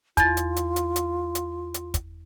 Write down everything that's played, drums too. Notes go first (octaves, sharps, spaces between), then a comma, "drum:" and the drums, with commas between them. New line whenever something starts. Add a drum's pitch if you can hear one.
E2 F4 A6, drum: kick, hi-hat
drum: hi-hat
drum: hi-hat
drum: hi-hat
drum: hi-hat
drum: hi-hat
drum: hi-hat
drum: kick, hi-hat